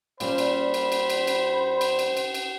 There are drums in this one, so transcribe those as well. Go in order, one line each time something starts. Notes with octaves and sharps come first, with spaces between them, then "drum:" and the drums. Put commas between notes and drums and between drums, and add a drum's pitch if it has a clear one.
A#2 G3 C#4 C5 B5, drum: cymbal
drum: cymbal
drum: cymbal
drum: cymbal
drum: cymbal
drum: cymbal
drum: cymbal
drum: cymbal
drum: cymbal
drum: cymbal